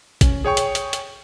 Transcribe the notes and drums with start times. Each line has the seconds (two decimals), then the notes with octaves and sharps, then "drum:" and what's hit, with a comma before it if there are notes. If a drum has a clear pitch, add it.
0.21 C#4, drum: kick, hi-hat
0.44 G#4 C#5 G5 C#6
0.57 drum: hi-hat
0.75 drum: hi-hat
0.93 drum: hi-hat